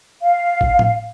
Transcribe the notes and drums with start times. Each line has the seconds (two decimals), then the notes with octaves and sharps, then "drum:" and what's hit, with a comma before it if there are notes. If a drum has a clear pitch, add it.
0.22 F5
0.61 drum: kick G#1
0.79 drum: tom